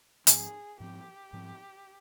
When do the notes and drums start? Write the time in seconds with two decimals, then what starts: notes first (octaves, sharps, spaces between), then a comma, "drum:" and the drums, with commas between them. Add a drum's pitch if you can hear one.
0.27 G#2 F3 C4 G#4, drum: hi-hat
0.80 G#2 F3 C4 G4
1.33 G#2 F3 C4